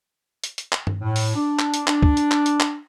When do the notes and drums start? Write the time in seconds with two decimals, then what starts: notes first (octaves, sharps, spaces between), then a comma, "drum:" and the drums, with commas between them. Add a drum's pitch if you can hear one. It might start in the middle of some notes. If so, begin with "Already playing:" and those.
0.44 drum: hi-hat
0.58 drum: hi-hat
0.72 drum: clap
0.87 drum: tom G2
1.01 A2
1.16 drum: open hi-hat
1.35 D4
1.59 drum: clap
1.74 drum: hi-hat
1.87 D4, drum: clap
2.03 drum: kick
2.17 drum: hi-hat
2.31 drum: clap
2.46 drum: hi-hat
2.60 drum: clap